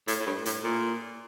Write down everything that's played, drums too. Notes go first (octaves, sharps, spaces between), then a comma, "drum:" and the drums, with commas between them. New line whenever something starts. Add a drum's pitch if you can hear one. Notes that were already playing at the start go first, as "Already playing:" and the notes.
A2, drum: hi-hat
A2
G2
A2, drum: hi-hat
A#2